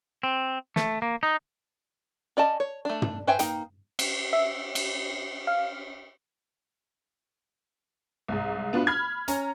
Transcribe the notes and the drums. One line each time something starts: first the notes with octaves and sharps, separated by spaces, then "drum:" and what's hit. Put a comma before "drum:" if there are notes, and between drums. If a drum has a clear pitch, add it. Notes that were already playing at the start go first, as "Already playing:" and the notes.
C4
A3, drum: snare
A#3
D#4
C#4 D5 D#5 A5
C#5
A3 D4
drum: tom
B4 C5 E5 G5 G#5
A#3 D#4 G5, drum: hi-hat
drum: cymbal
E5
drum: cymbal
F5
C2 G#2
B3 D4 F4 F#4 B4
B5 F6 G#6
C#4 A#5, drum: hi-hat